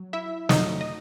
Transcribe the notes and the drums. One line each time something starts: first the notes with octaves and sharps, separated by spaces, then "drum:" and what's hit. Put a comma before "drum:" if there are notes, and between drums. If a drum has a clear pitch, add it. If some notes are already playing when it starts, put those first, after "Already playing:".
Already playing: F#3
E4 E5
F2 D3 F#3 D#4 D#5, drum: snare
D#5